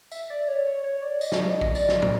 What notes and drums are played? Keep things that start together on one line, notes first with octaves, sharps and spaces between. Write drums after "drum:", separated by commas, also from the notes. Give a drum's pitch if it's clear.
E5, drum: tambourine
D5
C#5
C#5
C#5
D5
D#5, drum: tambourine
D5, drum: snare
D#5
drum: kick
D5, drum: tambourine
drum: snare
drum: tom